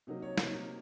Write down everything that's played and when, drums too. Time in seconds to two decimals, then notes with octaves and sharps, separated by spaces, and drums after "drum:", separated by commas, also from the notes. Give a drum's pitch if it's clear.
0.07 C3 F#3 A#3 D#4
0.22 C#5
0.38 C3 F#3 A#3 C5, drum: snare
0.53 A#4